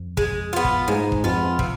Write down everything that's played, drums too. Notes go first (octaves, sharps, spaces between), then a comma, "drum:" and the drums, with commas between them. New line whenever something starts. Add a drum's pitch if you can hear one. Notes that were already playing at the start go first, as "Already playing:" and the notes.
Already playing: F2
G#3, drum: kick
B3 F4
drum: kick
G#2 G#3
drum: kick
F2 B3 F4
C3, drum: kick